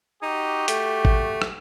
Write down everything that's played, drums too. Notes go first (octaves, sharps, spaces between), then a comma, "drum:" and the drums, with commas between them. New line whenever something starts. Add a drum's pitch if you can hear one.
D#4 F#4 G4
A3, drum: hi-hat
drum: kick G#1
drum: rim click